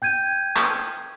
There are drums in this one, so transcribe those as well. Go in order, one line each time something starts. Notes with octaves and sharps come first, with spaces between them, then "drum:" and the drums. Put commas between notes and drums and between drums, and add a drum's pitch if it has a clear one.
G5 G6 G#6 D#7
drum: clap